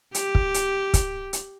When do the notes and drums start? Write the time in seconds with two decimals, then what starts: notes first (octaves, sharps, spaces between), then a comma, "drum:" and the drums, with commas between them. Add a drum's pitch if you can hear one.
0.14 G4, drum: hi-hat
0.35 drum: kick
0.54 drum: hi-hat
0.94 drum: kick, hi-hat
1.33 drum: hi-hat